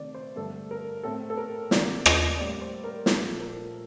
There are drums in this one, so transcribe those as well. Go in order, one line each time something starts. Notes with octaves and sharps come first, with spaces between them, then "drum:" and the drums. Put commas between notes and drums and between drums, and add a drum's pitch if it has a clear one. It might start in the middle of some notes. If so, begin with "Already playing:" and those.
Already playing: C3 D#3 A3 C4 D5
C5
G2 D3 A3 A4
A#4
A2 A3 C4 A4
A4
A#4
C3 D#3 A#3 D5, drum: snare
D#5, drum: rim click
A2 G3 A#3 D5
C5
A#4
A#2 F3 A3 A4, drum: snare
A#4